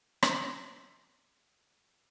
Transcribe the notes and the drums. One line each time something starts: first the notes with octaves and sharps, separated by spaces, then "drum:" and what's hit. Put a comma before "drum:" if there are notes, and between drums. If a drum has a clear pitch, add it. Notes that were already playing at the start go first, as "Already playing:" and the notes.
drum: rim click
G6
A#3 A#4